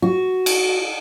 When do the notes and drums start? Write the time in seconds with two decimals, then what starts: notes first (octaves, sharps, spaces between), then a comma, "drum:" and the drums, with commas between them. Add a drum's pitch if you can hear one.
0.02 F#4
0.46 drum: cymbal